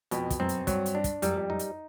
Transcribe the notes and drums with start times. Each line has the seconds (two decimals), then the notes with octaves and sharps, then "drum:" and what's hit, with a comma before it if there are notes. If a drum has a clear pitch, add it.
0.11 F2 B2, drum: hi-hat
0.30 drum: kick, hi-hat
0.40 F#2 C4
0.49 drum: hi-hat
0.67 G2 F#3, drum: kick, hi-hat
0.86 drum: hi-hat
0.95 D4
1.04 drum: kick, hi-hat
1.22 F#2 G3, drum: hi-hat
1.36 F2
1.50 F#2 D#4
1.59 drum: hi-hat